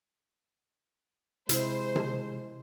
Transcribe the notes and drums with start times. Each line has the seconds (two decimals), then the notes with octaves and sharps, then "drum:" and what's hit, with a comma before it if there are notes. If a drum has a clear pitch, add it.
1.49 C3 G#3 E4 C5, drum: hi-hat
1.96 drum: tom C3